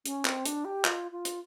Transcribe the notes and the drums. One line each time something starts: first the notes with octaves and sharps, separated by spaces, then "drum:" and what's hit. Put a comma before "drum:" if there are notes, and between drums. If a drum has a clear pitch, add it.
C#4, drum: hi-hat
C4, drum: clap
D4, drum: hi-hat
G4
F4, drum: clap
F4
drum: hi-hat